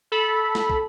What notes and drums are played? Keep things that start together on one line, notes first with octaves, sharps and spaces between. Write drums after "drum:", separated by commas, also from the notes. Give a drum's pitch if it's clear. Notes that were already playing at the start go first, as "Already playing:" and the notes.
A4 B5
drum: snare
drum: kick